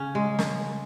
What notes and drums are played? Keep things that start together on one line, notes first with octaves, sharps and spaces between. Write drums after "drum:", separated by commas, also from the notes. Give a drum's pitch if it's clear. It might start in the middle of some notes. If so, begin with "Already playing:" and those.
Already playing: C#3 C#4
G#3
drum: snare